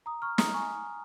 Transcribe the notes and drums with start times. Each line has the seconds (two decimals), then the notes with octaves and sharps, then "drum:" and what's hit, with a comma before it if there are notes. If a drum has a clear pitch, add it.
0.06 A#5 D#6
0.22 C#6 F6
0.38 A#5 D#6, drum: snare
0.54 G#5 C#6